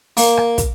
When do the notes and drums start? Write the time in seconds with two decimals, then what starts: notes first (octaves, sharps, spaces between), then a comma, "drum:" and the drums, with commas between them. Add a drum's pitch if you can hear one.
0.17 A#3, drum: open hi-hat
0.37 drum: rim click
0.58 drum: kick, hi-hat